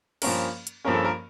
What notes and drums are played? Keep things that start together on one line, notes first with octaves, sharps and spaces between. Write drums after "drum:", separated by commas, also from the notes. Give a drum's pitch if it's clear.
G2 F3 A#3 C#4 A#4, drum: cymbal
drum: hi-hat
G2 F3 A#3 C#4 A#4
A4
A#4